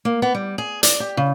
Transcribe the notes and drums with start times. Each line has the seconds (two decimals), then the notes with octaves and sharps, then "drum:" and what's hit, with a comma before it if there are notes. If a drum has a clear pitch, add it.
0.05 A#3
0.22 B3
0.35 G3
0.58 G#4
0.83 D5, drum: hi-hat
1.00 G4
1.17 C#3